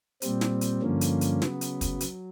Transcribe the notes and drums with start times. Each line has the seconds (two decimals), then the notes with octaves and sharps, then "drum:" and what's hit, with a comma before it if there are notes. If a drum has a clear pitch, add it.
0.22 A#2 G3 C4, drum: hi-hat
0.41 drum: snare
0.61 drum: hi-hat
0.82 G2 D3 F3 A#3 C#4
1.01 drum: hi-hat
1.21 drum: hi-hat
1.42 C#3 F#3 B3, drum: snare
1.61 drum: hi-hat
1.81 drum: kick, hi-hat
2.00 F#3, drum: hi-hat